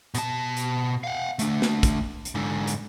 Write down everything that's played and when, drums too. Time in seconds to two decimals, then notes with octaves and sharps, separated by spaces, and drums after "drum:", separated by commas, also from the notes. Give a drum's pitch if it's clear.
0.15 B2 A5, drum: hi-hat
0.57 drum: hi-hat
1.04 F5 F#5
1.39 A3 D4, drum: hi-hat
1.62 drum: snare
1.83 drum: kick, hi-hat
2.25 drum: hi-hat
2.35 G#2 D3
2.67 drum: hi-hat